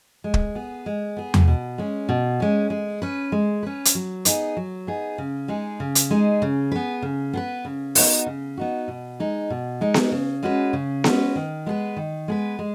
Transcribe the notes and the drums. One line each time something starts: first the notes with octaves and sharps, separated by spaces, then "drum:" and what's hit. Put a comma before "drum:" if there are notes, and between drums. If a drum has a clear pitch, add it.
G#3
drum: kick
B3 G#4
G#3
B3 G#4
drum: tom E2
B2
G#3 C#4
B2
G#3 C#4
G#3
C#4 B4
G#3
C#4 B4
drum: hi-hat
F#3
B3 D#4 G#4, drum: hi-hat
F#3
B3 D#4 G#4
C#3
G#3 D#4 G#4
C#3
drum: hi-hat
G#3 D#4 G#4
C#3
B3 G#4 B4
C#3
B3 G#4 B4
C#3
B3 D#4 F#4, drum: open hi-hat
C#3
B3 D#4 F#4
B2
G#3 D#4
B2
G#3 D#4
drum: snare B3
C#3
G#3 C#4 F#4 B4
C#3
G#3 C#4 F#4 B4, drum: snare B3
D#3
G#3 B3 G#4 B4
D#3
G#3 B3 G#4 B4
G#3